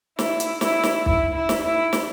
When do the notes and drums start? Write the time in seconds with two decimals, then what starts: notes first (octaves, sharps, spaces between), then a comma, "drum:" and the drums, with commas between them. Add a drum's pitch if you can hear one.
0.19 E4, drum: snare
0.40 drum: hi-hat
0.61 E4, drum: snare
0.83 drum: snare
1.06 E4, drum: kick
1.34 E4
1.49 drum: snare
1.64 E4
1.93 drum: snare